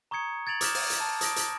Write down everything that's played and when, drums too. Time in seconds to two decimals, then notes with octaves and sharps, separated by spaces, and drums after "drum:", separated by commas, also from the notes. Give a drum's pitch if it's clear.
0.11 A#5 C#6 D#6 G#6 C#7
0.47 G#6 A6 D7 F7 F#7
0.61 D6 D#6 F6 G6 A6 E7, drum: hi-hat
0.75 drum: open hi-hat
0.90 drum: hi-hat
1.00 A5
1.21 D#6 A#6 D7, drum: hi-hat
1.36 drum: hi-hat